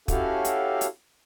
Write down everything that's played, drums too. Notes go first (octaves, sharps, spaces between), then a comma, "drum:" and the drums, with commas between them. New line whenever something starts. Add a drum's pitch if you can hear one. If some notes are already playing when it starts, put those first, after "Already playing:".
C#4 E4 F#4 G4 A4 F5, drum: kick, hi-hat
drum: hi-hat
drum: hi-hat